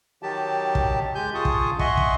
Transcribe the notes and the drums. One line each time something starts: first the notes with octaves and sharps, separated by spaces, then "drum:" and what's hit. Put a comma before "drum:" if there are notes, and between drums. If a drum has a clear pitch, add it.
D#3 F#3 G4 A5
drum: kick
G#3 G4 G#5 G6
F4 G#4 G#5 A5 C#6 D#6
drum: kick
D#5 E5 F#5 G#5 C6 C#6, drum: kick
drum: kick